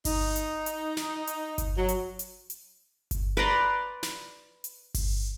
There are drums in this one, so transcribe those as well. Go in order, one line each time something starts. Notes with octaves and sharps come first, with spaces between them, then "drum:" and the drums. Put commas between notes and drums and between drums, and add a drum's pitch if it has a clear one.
D#4, drum: kick G1, open hi-hat
drum: hi-hat
drum: hi-hat
drum: snare
drum: hi-hat
drum: kick G1, hi-hat
F#3
drum: hi-hat
drum: hi-hat
drum: hi-hat
drum: kick G1, hi-hat
B4 D5 A#5 C6
drum: snare
drum: hi-hat
drum: kick G1, open hi-hat